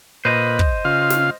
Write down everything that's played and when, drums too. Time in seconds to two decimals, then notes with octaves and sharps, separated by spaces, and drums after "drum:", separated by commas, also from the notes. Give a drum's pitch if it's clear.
0.25 A#2 B4 C5 D#5
0.59 drum: kick
0.85 C#3 F4 F5
1.10 drum: snare